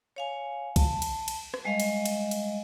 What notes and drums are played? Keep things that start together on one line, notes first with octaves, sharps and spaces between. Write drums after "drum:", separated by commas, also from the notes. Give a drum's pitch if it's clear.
C#5 F5 G#5
A5, drum: kick B1, cymbal
drum: cymbal
drum: cymbal
drum: rim click
G3 G#3 D#5 F5
drum: cymbal
drum: cymbal
drum: cymbal